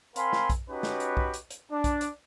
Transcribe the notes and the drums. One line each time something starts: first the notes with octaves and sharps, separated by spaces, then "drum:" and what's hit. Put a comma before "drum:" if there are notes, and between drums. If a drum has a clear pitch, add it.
C4 A#4 F5 G#5 B5 C6, drum: hi-hat
drum: snare
drum: kick B1, hi-hat
C#4 D#4 F#4 G4 B4
drum: snare
drum: hi-hat
drum: kick B1
drum: hi-hat
drum: hi-hat
D4
drum: kick B1, hi-hat
drum: hi-hat